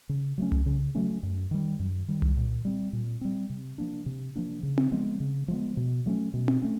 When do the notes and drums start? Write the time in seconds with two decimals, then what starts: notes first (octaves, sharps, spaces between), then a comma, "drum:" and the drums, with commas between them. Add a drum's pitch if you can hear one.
0.09 C#3
0.38 F#3 A3 C#4
0.52 drum: tom C2
0.66 C#3
0.95 F#3 A3 C#4
1.23 F#2
1.51 D#3 G3
1.79 F#2
2.08 D#3 G3
2.22 drum: tom C2
2.37 A#2
2.65 G3 C4
2.93 A#2
3.21 G3 C4
3.50 C3
3.78 F3 A#3 D4
4.06 C3
4.36 F3 A#3 D4
4.63 C#3
4.78 drum: tom C4
4.92 F3 G#3 B3
5.20 C#3
5.48 F3 G#3 B3
5.77 B2
6.06 F#3 A3 C#4
6.34 B2
6.48 drum: tom C4
6.62 A3 C#4